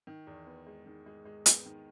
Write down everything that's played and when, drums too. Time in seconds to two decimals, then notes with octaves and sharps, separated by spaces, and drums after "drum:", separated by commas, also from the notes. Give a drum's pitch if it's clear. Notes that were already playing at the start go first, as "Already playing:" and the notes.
0.07 D#3
0.27 E2
0.46 B3
0.67 G#3
0.86 D#3
1.06 G#3
1.25 G#3
1.46 B3, drum: hi-hat
1.65 D#3